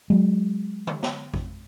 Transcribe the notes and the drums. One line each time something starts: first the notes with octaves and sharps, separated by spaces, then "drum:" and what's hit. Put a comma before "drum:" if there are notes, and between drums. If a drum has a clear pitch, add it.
F#3 G#3
drum: tom D3
drum: snare
drum: kick